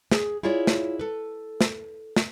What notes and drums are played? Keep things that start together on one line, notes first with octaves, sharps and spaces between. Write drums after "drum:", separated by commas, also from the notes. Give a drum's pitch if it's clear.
G#4, drum: snare
E4 F4 G#4 C#5 D5
drum: snare
A4 B4
drum: snare
drum: snare